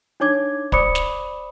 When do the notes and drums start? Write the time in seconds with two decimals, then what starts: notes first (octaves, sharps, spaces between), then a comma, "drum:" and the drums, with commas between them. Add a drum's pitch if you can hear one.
0.20 D4 D#4 C#5 D6 G#6
0.72 C5 D5 B5 D6 D#6 C#7, drum: kick
0.95 drum: snare